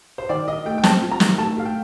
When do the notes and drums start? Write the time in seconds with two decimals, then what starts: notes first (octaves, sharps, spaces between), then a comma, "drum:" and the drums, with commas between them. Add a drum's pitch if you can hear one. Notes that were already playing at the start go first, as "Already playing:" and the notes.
0.18 C5
0.29 D#3 D5
0.47 D#3 D#5
0.65 A3 G5
0.78 G5
0.84 C4 A5, drum: snare
1.02 F4
1.11 A#5
1.20 D#3, drum: snare
1.38 A3 A5
1.57 A3 F5
1.65 G5